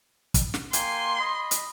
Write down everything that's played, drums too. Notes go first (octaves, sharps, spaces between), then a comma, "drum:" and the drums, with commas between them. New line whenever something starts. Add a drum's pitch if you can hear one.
drum: kick, hi-hat
drum: snare
A#3 G5 G#5 C6, drum: hi-hat
D#5 B5
drum: hi-hat